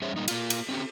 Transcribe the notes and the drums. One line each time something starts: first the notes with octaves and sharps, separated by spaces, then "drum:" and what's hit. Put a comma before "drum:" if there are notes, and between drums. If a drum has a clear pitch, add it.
G3 C#4 G#4 C5 C#5 E5
G#2 G3 A#3 D#4
A#3 F4, drum: cymbal
drum: cymbal
C4 C#4 G4